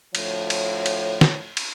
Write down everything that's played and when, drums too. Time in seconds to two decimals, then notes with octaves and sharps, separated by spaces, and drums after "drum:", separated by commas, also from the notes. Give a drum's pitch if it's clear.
0.15 D2 A2 F3 C#5, drum: cymbal
0.50 drum: cymbal
0.86 drum: cymbal
1.21 drum: snare
1.57 drum: cymbal